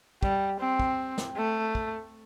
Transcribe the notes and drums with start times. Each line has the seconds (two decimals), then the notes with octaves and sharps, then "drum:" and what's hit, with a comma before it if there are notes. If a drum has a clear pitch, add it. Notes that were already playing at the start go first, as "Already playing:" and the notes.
0.23 G3, drum: kick
0.60 C4
0.79 drum: kick
1.18 drum: snare
1.37 A3
1.75 drum: kick